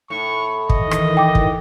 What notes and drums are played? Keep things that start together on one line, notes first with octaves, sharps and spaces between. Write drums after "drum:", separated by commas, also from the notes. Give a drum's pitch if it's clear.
A2 C#6
D#3 E3 D#5, drum: kick
drum: rim click
G5 D6
drum: kick